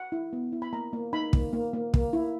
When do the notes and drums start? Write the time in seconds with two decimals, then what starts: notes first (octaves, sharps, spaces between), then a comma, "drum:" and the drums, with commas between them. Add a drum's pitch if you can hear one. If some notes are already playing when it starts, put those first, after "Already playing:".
Already playing: F#5
0.12 E4
0.33 B3
0.52 E4
0.62 B5
0.73 A#3 A#5
0.93 A#3
1.13 D#4 B5
1.33 A#3, drum: kick
1.53 A#3
1.73 A#3
1.94 A#3, drum: kick
2.13 E4